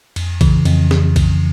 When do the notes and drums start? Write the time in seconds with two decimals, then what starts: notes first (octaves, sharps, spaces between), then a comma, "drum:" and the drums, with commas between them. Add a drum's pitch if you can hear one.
0.16 F2, drum: cymbal
0.41 C#3 E3, drum: kick A#1, cymbal
0.65 F2, drum: cymbal
0.91 drum: snare
1.16 drum: kick A#1, cymbal